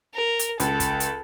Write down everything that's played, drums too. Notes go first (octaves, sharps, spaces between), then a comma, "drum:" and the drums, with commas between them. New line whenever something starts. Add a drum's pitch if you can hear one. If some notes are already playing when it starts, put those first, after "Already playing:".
A#4
drum: hi-hat
C#2 A4, drum: hi-hat
drum: kick, hi-hat
drum: hi-hat